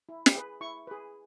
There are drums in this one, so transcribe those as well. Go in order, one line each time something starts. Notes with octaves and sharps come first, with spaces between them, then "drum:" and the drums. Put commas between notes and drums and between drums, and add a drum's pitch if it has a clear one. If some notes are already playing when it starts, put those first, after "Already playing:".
E4
drum: snare
G#4 B4
E4 C#6
G#4 B4